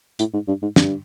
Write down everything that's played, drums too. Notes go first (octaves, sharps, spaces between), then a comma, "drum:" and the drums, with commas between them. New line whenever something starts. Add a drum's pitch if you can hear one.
A2, drum: hi-hat
G#2
G2
G#2
G2, drum: snare